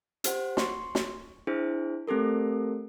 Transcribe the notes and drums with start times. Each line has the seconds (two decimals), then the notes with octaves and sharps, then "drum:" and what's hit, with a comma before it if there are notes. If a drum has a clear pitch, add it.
0.24 G4 C5 F#5, drum: hi-hat
0.57 C6 C#6, drum: snare
0.95 drum: snare
1.47 D4 E4 G#4 C5
2.07 A3 C4 G4 A4 A#4